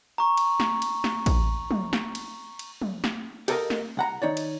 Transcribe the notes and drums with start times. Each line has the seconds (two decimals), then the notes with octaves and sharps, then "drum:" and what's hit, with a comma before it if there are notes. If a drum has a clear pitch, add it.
0.18 A#5 C#6
0.37 drum: cymbal
0.60 drum: snare
0.82 drum: cymbal
1.04 drum: snare
1.26 drum: kick, cymbal
1.71 drum: tom
1.93 drum: snare
2.15 drum: cymbal
2.59 drum: cymbal
2.82 drum: tom
3.04 drum: snare
3.48 G4 A4 A#4 D5 D#5 F5, drum: cymbal
3.70 drum: snare
3.97 C2 F#5 A#5
4.22 D#3 D#4 C#5 D5
4.37 drum: cymbal